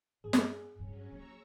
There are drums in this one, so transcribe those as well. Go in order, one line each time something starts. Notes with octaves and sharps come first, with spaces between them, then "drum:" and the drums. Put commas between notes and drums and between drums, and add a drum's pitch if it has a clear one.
G2 G#4
drum: snare
G2 F#3 C#4
A#3 A#5 C#6 E6